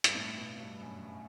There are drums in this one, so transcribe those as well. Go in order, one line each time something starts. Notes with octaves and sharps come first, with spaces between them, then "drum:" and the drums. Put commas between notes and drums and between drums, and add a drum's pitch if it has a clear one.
G2, drum: hi-hat
A2
B2
G2
F#2